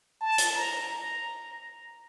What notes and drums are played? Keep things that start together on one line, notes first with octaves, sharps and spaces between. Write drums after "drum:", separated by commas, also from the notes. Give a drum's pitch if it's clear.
A5
drum: hi-hat
A#5
A#5